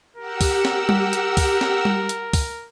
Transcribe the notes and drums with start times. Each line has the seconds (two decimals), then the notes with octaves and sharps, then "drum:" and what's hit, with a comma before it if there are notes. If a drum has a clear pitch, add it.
0.17 G4 A#4 F#5 E6
0.41 drum: kick, open hi-hat
0.65 drum: snare
0.89 drum: tom G3
1.13 drum: hi-hat
1.37 drum: kick, open hi-hat
1.61 drum: snare
1.85 drum: tom G3
2.09 drum: hi-hat
2.33 drum: kick, open hi-hat